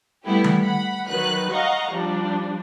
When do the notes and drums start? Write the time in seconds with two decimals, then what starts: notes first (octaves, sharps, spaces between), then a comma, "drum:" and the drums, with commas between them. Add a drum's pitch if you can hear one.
0.24 G3 A3 B3 E4 G4
0.44 drum: tom D#3
0.63 F#5 B5
1.07 D#3 F#3 B4 F#6
1.51 D#5 F5 F#5 A#5 C#6
1.91 F3 G3 D4